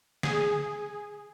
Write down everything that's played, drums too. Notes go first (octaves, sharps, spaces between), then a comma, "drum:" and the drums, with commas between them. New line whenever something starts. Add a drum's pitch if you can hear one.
G#4, drum: snare